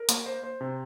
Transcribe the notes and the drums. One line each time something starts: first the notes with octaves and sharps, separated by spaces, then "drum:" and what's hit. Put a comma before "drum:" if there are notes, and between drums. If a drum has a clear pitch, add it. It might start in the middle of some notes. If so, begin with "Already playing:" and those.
Already playing: A#4
A#3, drum: hi-hat
C5
C5
C3